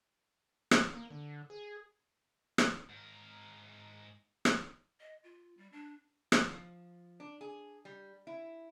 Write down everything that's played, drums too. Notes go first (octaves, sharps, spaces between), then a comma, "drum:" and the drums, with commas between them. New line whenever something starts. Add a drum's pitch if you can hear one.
drum: rim click
A#3
D3
G#4
drum: rim click
G#2 A#4
drum: rim click
D#5
F4
G3
D4
drum: rim click
F3
D4
G#4
G3
E4